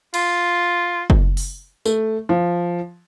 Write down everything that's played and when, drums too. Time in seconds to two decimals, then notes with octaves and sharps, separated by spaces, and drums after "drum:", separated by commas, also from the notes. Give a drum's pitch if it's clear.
0.14 F4, drum: cymbal
1.10 drum: kick F#1
1.37 drum: open hi-hat
1.85 A3, drum: tambourine
2.29 F3